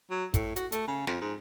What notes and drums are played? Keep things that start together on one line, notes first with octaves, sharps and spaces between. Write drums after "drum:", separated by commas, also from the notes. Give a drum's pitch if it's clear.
F#3
A2, drum: kick, hi-hat
F#4, drum: hi-hat
A3, drum: hi-hat
C#3
F2, drum: snare
G#2